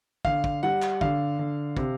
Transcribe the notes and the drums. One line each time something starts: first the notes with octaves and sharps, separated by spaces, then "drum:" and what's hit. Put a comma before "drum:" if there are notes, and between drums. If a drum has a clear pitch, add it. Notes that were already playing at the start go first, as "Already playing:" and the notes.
D3 F5, drum: kick
drum: kick
G3 F#5
drum: clap
D3 F5, drum: kick
D3
C3, drum: kick